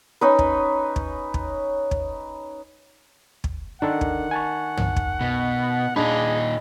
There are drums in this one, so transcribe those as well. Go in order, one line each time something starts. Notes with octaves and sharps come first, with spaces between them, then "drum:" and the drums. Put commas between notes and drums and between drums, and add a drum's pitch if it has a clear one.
C#4 D#4 B4
drum: kick
drum: kick
drum: kick
drum: kick
drum: kick
D#3 D4 A4 D5 F#5
drum: kick
G#5 A5 C#6
drum: tom
drum: kick
B2
A#2 D4 D#4 G#4 B5